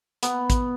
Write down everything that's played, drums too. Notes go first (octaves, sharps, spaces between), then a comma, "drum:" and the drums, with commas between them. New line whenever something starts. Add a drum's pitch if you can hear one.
B3, drum: hi-hat
drum: kick A1, hi-hat